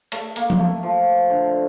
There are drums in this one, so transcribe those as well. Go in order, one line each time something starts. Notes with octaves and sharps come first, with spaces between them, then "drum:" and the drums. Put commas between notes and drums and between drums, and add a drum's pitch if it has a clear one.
A3, drum: cymbal
A#3, drum: hi-hat
drum: tom F3
A3
F3
D3